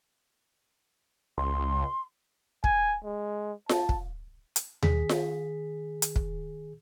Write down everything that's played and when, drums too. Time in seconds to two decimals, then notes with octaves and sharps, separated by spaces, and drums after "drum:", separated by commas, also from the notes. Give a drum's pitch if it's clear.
1.38 C#2 C6
2.64 G#5, drum: kick
3.04 G#3
3.69 A5, drum: snare F4
3.89 drum: kick
4.56 drum: hi-hat
4.83 D#3 G#4 B6, drum: tom D#2
5.09 drum: snare F4
6.02 drum: hi-hat
6.16 drum: kick